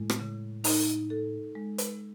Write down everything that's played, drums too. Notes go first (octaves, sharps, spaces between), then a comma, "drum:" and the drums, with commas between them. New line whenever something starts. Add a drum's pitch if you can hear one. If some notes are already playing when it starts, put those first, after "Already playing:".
Already playing: A2 G#3
drum: rim click
C#3
D#4, drum: open hi-hat
A4
G#3
drum: hi-hat